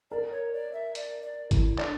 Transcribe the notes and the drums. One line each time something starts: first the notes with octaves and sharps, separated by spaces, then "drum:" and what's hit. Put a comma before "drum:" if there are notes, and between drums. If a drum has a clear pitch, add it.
A#4 D5
C#5
D5
E5
D5, drum: hi-hat
D5
E4, drum: kick, hi-hat
D4 D5, drum: clap